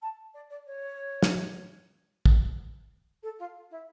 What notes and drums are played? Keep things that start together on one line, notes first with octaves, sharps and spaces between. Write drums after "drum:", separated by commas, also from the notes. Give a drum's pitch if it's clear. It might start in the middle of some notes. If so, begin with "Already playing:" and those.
A5
D5
D5
C#5
drum: snare
drum: kick
A4
F4
E4